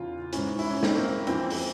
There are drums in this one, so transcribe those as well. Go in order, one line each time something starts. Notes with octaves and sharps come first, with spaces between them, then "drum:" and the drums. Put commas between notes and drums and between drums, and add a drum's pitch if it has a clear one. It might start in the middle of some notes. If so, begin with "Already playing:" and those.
Already playing: E2 C#3 E3 F4
G#2 E3 C#4, drum: hi-hat
E4, drum: open hi-hat
C#4
C4, drum: snare
A#3
F2 E3 C4, drum: hi-hat
drum: open hi-hat